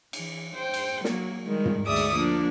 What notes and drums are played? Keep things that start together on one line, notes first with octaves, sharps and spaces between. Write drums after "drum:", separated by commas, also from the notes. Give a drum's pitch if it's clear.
E3, drum: cymbal
C5 G5
drum: cymbal
F#3 A#3, drum: snare
D#3 G3 G#3
drum: tom
D2 G#2 D5 E5 D6 D#6
drum: cymbal
F3 A#3 D4